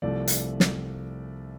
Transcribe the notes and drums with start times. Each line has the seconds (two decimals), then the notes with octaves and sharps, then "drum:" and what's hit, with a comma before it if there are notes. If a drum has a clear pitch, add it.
0.02 C2 C3 F3 A3 D5
0.28 drum: hi-hat
0.60 drum: snare